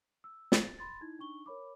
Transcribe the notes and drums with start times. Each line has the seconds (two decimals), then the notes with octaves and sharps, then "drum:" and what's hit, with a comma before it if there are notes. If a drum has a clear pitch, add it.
0.24 E6
0.52 A6, drum: snare
0.79 B5 C6 A6
1.01 D#4 E4 G#6
1.19 D4 D#4 C#6 G7
1.46 A#4 C#5 B5 D6